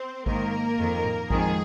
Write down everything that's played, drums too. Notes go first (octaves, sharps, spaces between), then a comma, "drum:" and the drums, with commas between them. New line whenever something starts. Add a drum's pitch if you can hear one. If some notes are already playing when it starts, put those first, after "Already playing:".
Already playing: C4 C5
G#2 D#3 A#3 A#4, drum: kick A1
F2 D#3
drum: tom A2
F2 D#3 G#3 G#4, drum: kick A1